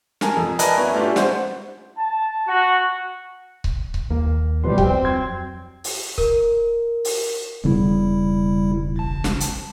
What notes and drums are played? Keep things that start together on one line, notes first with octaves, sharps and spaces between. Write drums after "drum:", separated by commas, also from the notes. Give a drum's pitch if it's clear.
A#4 G#5 A5, drum: snare
F2
A#4 B4 D5 D#5 G#5 A5, drum: hi-hat
F#3 B3 C#4 E4
A3 C#4 D4 F4 G4
C5 F#5, drum: snare
A5
F#4
drum: kick C#1
drum: kick C#1
D#2 A#3
D1 B2 F3 G3 B4 C6
F2 F#3 C4 G5, drum: kick C#1
C6 G#6
drum: open hi-hat
A#4, drum: kick C#1
drum: open hi-hat
E1 C#3 G3 B3 E4
A1 A5
drum: snare
drum: hi-hat